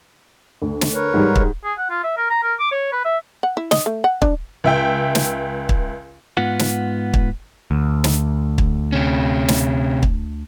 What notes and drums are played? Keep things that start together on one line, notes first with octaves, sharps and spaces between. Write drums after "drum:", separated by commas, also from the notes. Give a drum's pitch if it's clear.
D2
drum: snare
A#4 B4 C#5
G#2 G3
drum: kick
G#4
F#5
F4
E5
A#4
A#5
A#4
D6
C#5
B4
E5
F#5
E4
D#5, drum: snare
A3
F#5
D4, drum: kick
C#2 E5 G5
drum: snare
drum: kick
G#2 B3 F4 F#5
drum: snare
drum: kick
D2
drum: snare
drum: kick
C3 C#4
drum: snare
drum: kick